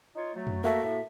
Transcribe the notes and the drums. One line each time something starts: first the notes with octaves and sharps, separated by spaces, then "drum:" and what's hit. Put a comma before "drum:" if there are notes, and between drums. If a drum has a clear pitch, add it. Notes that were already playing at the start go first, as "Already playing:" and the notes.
D#4 F4 C#5
F#3 A3
drum: tom
A3 A#3 F#4 A4 A#4 E5
A2